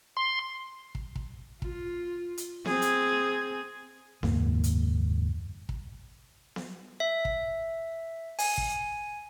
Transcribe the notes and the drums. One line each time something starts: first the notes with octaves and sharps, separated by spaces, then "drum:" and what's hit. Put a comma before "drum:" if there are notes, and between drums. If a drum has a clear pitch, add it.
C6
drum: kick
drum: kick
F4, drum: kick
drum: hi-hat
C4 G#4, drum: snare B3
drum: hi-hat
F#1 D#2 G#2 A#3, drum: snare B3
drum: hi-hat
drum: kick
drum: snare B3
E5
drum: kick
G#5, drum: open hi-hat
drum: kick